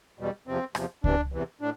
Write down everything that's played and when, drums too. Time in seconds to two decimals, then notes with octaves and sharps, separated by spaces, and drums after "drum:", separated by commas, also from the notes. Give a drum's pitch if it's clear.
0.19 E2 B2 G3
0.47 E2 C3 F3 C4
0.75 E2 C3 F3, drum: rim click
1.04 E2 C3 E3 D4, drum: kick C#2
1.32 E2 C3 E3
1.61 A2 D4